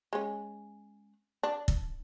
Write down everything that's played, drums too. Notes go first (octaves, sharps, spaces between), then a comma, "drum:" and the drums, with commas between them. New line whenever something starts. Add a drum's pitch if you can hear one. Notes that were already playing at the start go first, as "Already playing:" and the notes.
G#3 C#4
D4
drum: kick